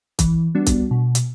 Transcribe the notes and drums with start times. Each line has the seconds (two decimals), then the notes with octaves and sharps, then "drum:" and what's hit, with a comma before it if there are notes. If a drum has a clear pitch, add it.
0.19 E3, drum: kick C2, hi-hat
0.55 G3 B3 D4 F#4
0.66 drum: kick C2, hi-hat
0.91 B2
1.15 drum: hi-hat